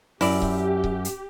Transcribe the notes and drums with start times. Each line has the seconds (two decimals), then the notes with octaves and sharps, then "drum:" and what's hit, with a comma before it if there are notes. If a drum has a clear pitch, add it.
0.21 F#2 E4 G4 D5, drum: open hi-hat
0.42 drum: kick C#1
0.84 drum: kick C#1
1.05 drum: hi-hat